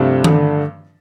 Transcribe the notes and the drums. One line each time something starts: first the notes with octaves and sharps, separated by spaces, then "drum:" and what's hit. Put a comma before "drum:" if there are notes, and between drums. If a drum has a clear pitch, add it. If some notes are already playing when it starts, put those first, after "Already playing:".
Already playing: G2 C3 F3 A3 D4 F4
D3, drum: tom D#3